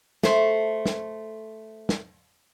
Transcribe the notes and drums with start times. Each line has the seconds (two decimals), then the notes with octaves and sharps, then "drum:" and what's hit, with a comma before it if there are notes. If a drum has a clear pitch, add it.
0.23 A3 C5, drum: snare
0.86 drum: snare
1.89 drum: snare